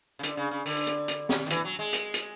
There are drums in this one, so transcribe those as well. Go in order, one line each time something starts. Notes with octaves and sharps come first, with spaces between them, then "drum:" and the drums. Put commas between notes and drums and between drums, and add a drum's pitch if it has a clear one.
C#3
D3, drum: hi-hat
C#3
C#3
D3, drum: open hi-hat
drum: hi-hat
drum: hi-hat
drum: snare
D#3
E3, drum: hi-hat
F#3
G#3
drum: hi-hat
drum: hi-hat